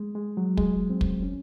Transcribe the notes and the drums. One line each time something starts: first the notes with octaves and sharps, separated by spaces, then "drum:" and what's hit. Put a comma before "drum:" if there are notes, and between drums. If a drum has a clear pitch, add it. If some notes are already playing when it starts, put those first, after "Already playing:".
Already playing: G#3
G#3
F#3
G#3, drum: kick
C4
drum: kick
C#4